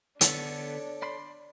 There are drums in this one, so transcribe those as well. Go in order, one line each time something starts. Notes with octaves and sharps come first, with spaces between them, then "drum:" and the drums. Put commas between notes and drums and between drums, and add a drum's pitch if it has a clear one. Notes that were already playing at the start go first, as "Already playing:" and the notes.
D3 B3 D4 A4 C#5, drum: hi-hat
D5 B5 C6